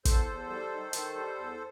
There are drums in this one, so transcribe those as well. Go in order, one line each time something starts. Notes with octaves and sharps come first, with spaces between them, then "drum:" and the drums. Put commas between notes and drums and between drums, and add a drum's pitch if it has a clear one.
E2 A4 C5, drum: kick, hi-hat
E2
G3
D#3
D#3, drum: hi-hat
G3
E2